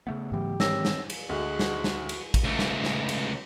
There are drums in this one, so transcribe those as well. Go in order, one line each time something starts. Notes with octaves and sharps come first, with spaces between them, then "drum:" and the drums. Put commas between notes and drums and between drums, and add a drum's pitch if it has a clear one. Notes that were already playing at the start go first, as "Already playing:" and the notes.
C#3 A3 B3
G#2 E3 F#3 G4
D#3 G#3 C4 C#5 E6 A#6, drum: snare
drum: snare
drum: cymbal
D2 D3 G#3 F#4
drum: snare
drum: snare
drum: cymbal
drum: kick, cymbal
C#2 A3
drum: snare
drum: snare
drum: cymbal